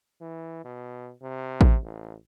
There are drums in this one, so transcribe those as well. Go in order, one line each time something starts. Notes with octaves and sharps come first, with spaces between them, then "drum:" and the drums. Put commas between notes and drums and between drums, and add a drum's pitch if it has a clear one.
E3
B2
C3
drum: kick A1
A1